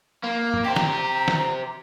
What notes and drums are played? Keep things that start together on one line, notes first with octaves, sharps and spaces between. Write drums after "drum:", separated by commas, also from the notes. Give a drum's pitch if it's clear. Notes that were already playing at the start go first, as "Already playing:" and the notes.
A#3 F5
drum: tom
G4 C5 G5
A#5, drum: snare
drum: snare